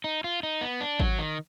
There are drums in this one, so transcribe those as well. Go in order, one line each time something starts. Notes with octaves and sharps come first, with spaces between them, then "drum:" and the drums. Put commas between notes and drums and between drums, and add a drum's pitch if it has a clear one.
D#4
F4
D#4
B3
D4
F#3, drum: kick G#1
D#3